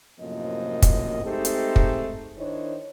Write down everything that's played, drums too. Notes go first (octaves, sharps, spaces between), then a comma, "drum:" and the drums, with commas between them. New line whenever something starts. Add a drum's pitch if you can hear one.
F#2 A2 C3 F3 A#3 D#5
drum: kick, hi-hat
G#3 A3 C4 D#4 G4 A4
drum: hi-hat
drum: kick
D#3 D4 E4 C5 C#5 D#5